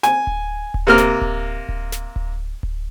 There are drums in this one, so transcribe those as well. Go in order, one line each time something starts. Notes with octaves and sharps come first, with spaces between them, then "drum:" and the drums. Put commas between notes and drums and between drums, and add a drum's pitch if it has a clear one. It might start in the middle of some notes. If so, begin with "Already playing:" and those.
G#5, drum: snare
drum: kick D1
drum: kick D1
C3 A#3 F6
drum: snare
drum: kick D1
drum: kick D1
drum: snare
drum: kick D1
drum: kick D1